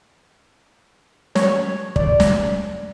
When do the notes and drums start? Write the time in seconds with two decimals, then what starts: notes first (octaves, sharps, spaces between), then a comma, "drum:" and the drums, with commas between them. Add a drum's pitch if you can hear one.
1.35 C#5, drum: snare
1.96 D5, drum: kick
2.20 drum: snare